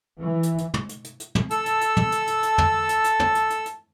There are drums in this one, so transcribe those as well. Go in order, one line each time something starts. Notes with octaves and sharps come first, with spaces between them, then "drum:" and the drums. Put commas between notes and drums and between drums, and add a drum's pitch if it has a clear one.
E3
drum: hi-hat
drum: hi-hat
drum: tom
drum: hi-hat
drum: hi-hat
drum: hi-hat
drum: tom
A4 A5 E6, drum: hi-hat
drum: hi-hat
drum: hi-hat
drum: tom
drum: hi-hat
drum: hi-hat
drum: hi-hat
drum: tom
drum: hi-hat
drum: hi-hat
drum: tom
drum: hi-hat
drum: hi-hat
drum: hi-hat